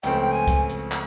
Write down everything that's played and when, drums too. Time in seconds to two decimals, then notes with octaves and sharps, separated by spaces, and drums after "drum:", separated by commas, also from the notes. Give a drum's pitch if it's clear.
0.03 C#2 C#3 F3 A3 C4 G5, drum: hi-hat
0.21 G5
0.32 G#5
0.47 drum: kick C#2, hi-hat
0.69 drum: hi-hat
0.92 drum: clap